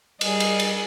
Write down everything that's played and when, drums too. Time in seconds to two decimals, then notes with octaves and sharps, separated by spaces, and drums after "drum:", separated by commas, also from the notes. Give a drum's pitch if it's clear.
0.21 G3 G#4 D#5, drum: cymbal
0.40 drum: cymbal
0.59 drum: cymbal